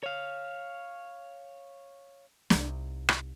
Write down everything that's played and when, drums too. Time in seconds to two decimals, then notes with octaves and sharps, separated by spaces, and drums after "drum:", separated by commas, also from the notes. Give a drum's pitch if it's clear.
0.03 C#5 F5
2.50 C2 D#4, drum: snare
3.09 drum: rim click